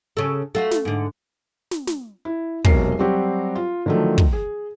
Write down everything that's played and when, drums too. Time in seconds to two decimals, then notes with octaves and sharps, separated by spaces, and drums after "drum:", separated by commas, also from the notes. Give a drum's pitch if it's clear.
0.17 C#3 A4
0.55 A3 F4 F#4
0.71 drum: snare
0.85 G#2 D3
1.71 drum: snare
1.87 drum: snare
2.25 E4
2.64 E1 B1 C3 A#4 C7, drum: kick
2.99 F#3 G3 C4 F#4 G4
3.56 F4
3.86 D3 D#3 F3 F#3 A3
4.18 drum: kick
4.33 G#4